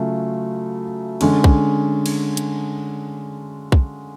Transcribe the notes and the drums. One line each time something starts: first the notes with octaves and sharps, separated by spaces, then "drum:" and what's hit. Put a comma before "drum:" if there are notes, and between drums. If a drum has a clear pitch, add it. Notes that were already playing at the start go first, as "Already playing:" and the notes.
Already playing: C#3 F#3 A3 F4
D3 G#3 C#4, drum: cymbal
drum: kick
drum: cymbal
drum: hi-hat
drum: kick